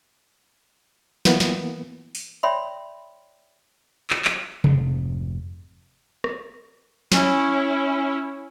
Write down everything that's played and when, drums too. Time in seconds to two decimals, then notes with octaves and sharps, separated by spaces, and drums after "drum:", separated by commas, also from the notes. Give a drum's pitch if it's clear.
1.25 E3 A#3 B3, drum: snare
1.40 drum: snare
2.15 drum: open hi-hat
2.43 C#5 D5 E5 G5 B5 C6
4.10 drum: clap
4.25 drum: clap
4.64 F1 F2 G#2, drum: tom C3
6.24 drum: rim click
7.12 C#4 E4, drum: snare